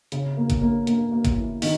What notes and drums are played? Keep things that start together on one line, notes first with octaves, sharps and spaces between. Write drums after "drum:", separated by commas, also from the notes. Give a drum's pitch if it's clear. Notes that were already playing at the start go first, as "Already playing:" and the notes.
C#3, drum: hi-hat
A#3
drum: kick G1, hi-hat
A#3
A#3, drum: hi-hat
A#3
drum: kick G1, hi-hat
E3
D#3, drum: open hi-hat